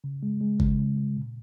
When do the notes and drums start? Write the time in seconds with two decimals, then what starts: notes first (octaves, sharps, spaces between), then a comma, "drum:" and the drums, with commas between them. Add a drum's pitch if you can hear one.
0.04 C#3
0.23 G#3
0.41 G#3
0.60 C#3, drum: kick G1
0.79 C#3
0.98 C#3
1.17 A#2